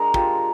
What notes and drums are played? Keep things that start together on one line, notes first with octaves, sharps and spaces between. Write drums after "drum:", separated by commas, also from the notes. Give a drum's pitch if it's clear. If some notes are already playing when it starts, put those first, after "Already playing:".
Already playing: G#3 D4 A#4
F4 G4, drum: kick